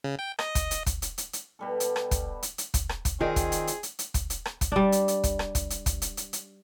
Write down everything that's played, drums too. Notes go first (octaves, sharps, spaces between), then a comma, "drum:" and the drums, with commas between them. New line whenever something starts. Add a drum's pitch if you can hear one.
C#3
G5
D#5, drum: rim click
drum: kick, hi-hat
drum: hi-hat
drum: kick, hi-hat
drum: hi-hat
drum: hi-hat
drum: hi-hat
B2 G3 A4
drum: hi-hat
drum: rim click
drum: kick, hi-hat
drum: hi-hat
drum: hi-hat
drum: kick, hi-hat
drum: rim click
drum: kick, hi-hat
D#3 C4 F4 G#4 A#4 D5
drum: kick, hi-hat
drum: hi-hat
drum: hi-hat
drum: hi-hat
drum: hi-hat
drum: kick, hi-hat
drum: hi-hat
drum: rim click
drum: kick, hi-hat
G3 D4
drum: hi-hat
drum: hi-hat
drum: kick, hi-hat
drum: rim click
drum: kick, hi-hat
drum: hi-hat
drum: kick, hi-hat
drum: hi-hat
drum: hi-hat
drum: hi-hat